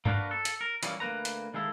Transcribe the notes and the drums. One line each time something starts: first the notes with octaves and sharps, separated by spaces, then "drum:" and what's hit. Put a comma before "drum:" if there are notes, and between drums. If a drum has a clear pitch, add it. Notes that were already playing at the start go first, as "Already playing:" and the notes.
A#3 D4 E4 F#4 A#4 B4, drum: tom G2
A4
drum: hi-hat
A#4
E3 F3 G3 A#3 C#4, drum: hi-hat
D2 A#3 B4 A#5
drum: hi-hat
D#3 G#3 A#3 E4 A4